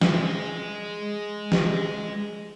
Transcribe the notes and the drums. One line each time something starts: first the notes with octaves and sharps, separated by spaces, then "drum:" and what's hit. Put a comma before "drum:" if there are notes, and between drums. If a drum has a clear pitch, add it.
G#3 G#4, drum: snare
drum: snare